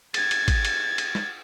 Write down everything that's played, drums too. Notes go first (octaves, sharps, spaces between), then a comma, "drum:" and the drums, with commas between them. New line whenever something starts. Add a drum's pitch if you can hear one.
G#6 A6, drum: cymbal
drum: cymbal
drum: kick G#1, cymbal
drum: cymbal
drum: cymbal
drum: snare